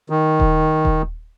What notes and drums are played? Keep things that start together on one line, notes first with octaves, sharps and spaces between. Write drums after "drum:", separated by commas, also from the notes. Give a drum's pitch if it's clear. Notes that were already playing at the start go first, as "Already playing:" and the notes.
D#3
drum: kick D#1
drum: kick D#1